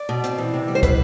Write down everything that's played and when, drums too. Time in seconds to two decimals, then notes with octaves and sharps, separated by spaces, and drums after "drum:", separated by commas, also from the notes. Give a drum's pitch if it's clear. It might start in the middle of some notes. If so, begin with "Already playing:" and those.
Already playing: D5
0.09 B2
0.24 C4, drum: hi-hat
0.38 E3
0.54 C3
0.68 G3
0.75 C5
0.83 B2 B4, drum: kick, hi-hat